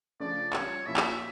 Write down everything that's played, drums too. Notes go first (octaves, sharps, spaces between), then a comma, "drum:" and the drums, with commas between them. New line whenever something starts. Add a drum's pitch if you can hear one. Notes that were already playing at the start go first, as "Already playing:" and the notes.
C#3 F3 A3 D4 D5
G3 C#4 F4 C#5, drum: clap
A#2 F3 C#4 E4 E5
drum: clap